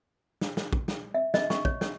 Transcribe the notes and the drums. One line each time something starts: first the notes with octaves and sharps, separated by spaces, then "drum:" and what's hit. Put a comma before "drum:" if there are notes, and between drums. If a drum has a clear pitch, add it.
drum: snare
drum: snare
drum: kick
drum: snare
E5
D#5, drum: snare
C#6, drum: snare
C#5, drum: kick
C#5, drum: snare